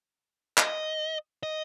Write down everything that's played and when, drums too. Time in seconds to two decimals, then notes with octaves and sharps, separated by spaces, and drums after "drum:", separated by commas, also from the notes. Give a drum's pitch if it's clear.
0.58 D#5, drum: clap
1.43 D#5